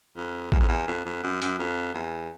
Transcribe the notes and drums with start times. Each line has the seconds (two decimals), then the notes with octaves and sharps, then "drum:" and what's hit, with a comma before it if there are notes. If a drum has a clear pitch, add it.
0.17 F2
0.52 E2, drum: kick A1
0.60 F2
0.68 E2
0.88 F2
1.05 F2
1.23 F#2
1.42 F#2, drum: hi-hat
1.59 F2
1.94 E2